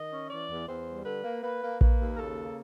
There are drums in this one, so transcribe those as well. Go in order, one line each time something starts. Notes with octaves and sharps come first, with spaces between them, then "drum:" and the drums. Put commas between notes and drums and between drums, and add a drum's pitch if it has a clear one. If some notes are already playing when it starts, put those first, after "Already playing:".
Already playing: D#3 D#5
C#4
E3 D5
E2
E2 C5
G3
D3 B4
A#3
A#3 B4
A#3
A#3 B4, drum: kick A#1
D#2
A#4
C#3 A4
A#3